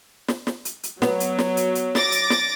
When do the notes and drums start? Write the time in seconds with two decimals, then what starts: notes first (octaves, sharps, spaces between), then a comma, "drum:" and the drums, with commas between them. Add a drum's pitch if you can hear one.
0.28 drum: snare
0.47 drum: snare
0.65 drum: hi-hat
0.83 drum: hi-hat
1.02 F#3 B3, drum: snare
1.20 drum: hi-hat
1.38 drum: snare
1.57 drum: hi-hat
1.75 drum: hi-hat
1.95 D6 A6 A#6, drum: snare
2.12 drum: hi-hat
2.30 drum: snare